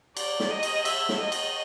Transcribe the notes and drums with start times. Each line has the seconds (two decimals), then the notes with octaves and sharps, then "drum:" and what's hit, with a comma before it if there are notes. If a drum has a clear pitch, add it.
0.17 D5, drum: cymbal
0.40 drum: snare
0.51 D#5
0.63 drum: cymbal
0.85 E5, drum: cymbal
1.09 drum: snare
1.21 D#5
1.32 drum: cymbal